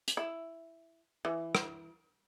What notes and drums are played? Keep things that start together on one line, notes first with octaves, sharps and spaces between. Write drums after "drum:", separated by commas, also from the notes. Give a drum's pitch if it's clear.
drum: hi-hat
E4
E3
drum: rim click